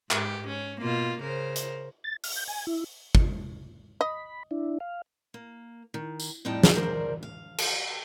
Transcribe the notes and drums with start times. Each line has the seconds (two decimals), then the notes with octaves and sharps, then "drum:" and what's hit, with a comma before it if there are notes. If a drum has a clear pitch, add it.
0.11 G#2 G4, drum: clap
0.48 C#4
0.81 B2 A#3 F4
1.21 C#3 A#4 C5
1.56 drum: hi-hat
2.04 A6
2.24 F6, drum: open hi-hat
2.35 G6
2.48 G#5
2.67 E4
3.15 drum: kick
4.01 D#5 B5
4.51 D4 E4
4.80 F5
5.34 A#3
5.94 D#3
6.20 drum: tambourine
6.45 F2 A2 G3 D#4 G5 A5
6.63 drum: snare
6.74 D#3 A#4 C5 D5
7.23 F5
7.58 drum: cymbal